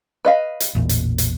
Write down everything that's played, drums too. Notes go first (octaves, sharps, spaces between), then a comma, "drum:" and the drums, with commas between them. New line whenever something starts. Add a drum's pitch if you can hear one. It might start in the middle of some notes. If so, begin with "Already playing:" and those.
B4 D#5 F5
drum: hi-hat
A1 E2 A#2
drum: hi-hat
drum: hi-hat